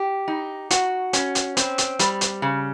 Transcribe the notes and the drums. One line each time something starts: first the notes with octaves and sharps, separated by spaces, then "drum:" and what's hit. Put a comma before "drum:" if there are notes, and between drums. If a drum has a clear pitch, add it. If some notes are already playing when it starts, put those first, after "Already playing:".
Already playing: G4
D#4
F#4, drum: hi-hat
C#4, drum: hi-hat
drum: hi-hat
C4, drum: hi-hat
drum: hi-hat
G3, drum: hi-hat
drum: hi-hat
C#3